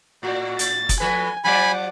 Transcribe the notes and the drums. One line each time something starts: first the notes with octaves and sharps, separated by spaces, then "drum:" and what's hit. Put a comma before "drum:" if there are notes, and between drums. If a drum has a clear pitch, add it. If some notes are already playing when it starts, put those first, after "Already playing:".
A2 F#4 D5
A6, drum: hi-hat
drum: kick F#1, hi-hat
F3 A3 B4 G#5
F3 F#3 D5 F#5 G#5 B5 D6